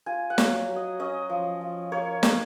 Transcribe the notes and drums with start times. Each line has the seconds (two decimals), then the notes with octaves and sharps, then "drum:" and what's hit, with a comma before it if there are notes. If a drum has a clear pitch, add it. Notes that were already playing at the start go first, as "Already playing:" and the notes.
0.06 F4 G#5
0.30 F#5
0.38 F#3, drum: snare
0.69 F#3
0.76 D#5
0.99 C#4 D#5
1.30 F3
1.61 F3
1.92 A#3 C#5
2.23 D#4, drum: snare